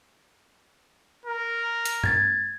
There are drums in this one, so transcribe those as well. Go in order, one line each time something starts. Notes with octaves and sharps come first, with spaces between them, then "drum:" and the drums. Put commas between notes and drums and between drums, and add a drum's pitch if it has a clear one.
A#4
drum: hi-hat
G#6 A6, drum: tom G2